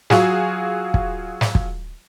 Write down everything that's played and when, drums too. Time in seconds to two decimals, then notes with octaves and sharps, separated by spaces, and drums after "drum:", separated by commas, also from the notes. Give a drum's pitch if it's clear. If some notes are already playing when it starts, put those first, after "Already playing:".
0.10 F#3 F4 F#4 G#4, drum: snare
0.94 drum: kick
1.41 drum: snare
1.55 drum: kick